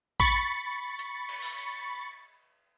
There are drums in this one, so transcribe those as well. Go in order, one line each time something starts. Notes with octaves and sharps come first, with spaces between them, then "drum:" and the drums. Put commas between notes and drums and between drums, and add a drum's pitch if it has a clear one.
B5 C#6 A6 C#7, drum: kick
drum: hi-hat
drum: cymbal
drum: open hi-hat